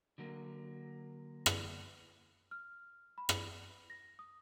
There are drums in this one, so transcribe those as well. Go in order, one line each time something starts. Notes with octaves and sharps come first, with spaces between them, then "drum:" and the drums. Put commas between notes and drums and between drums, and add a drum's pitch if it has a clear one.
D3 F#3 A#3
drum: rim click
F6
B5
drum: rim click
A#6
D#6